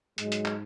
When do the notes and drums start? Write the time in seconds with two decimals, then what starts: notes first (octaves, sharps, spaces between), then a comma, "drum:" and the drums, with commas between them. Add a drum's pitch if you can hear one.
0.18 G#2 F#3 G#3, drum: hi-hat
0.32 drum: hi-hat
0.45 drum: clap